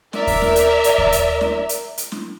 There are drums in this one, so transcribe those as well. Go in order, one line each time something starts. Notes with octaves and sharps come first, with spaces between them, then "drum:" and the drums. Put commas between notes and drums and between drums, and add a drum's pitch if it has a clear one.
A#4 D5 E5, drum: snare
drum: kick D#2, open hi-hat
drum: snare
drum: hi-hat
drum: hi-hat
drum: kick D#2
drum: hi-hat
drum: snare
drum: hi-hat
drum: hi-hat
drum: snare